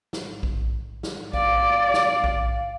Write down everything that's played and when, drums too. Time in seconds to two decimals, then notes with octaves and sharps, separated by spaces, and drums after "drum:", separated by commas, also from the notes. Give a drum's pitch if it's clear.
0.13 drum: snare
0.43 drum: kick A#1
1.03 drum: snare
1.33 D5 F5, drum: kick A#1
1.94 drum: snare
2.24 drum: kick A#1